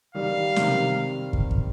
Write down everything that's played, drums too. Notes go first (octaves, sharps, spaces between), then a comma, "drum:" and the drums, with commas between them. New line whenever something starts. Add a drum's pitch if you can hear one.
D#3 G3 F5
C3 D#3, drum: snare
drum: kick
drum: kick